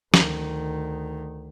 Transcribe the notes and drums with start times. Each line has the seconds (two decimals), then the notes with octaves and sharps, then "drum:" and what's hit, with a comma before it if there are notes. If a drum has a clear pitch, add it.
0.14 D2 D#3, drum: snare